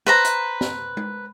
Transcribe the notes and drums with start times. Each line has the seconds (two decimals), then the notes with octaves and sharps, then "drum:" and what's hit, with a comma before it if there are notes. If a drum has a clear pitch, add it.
0.06 B4 C5 A#5
0.25 drum: hi-hat
0.61 drum: snare
0.97 drum: tom G#3